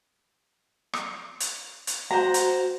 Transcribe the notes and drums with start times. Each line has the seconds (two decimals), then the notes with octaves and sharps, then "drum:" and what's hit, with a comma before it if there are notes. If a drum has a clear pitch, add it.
0.93 drum: rim click
1.40 drum: hi-hat
1.87 drum: hi-hat
2.11 F#4 C5 F#5 A#5
2.34 drum: hi-hat